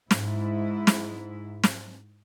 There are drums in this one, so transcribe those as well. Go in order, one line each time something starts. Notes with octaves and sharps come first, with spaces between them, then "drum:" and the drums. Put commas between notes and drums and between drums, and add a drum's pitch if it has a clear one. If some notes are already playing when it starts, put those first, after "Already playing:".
G#2 E4, drum: snare
drum: snare
drum: snare